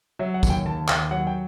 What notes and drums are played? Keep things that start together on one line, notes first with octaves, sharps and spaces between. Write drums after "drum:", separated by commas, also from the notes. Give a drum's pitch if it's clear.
F#3 E5
F#5
D#2, drum: kick, tambourine
G5
D#2 A5
D#2 G5, drum: clap
F#3 F#5
G5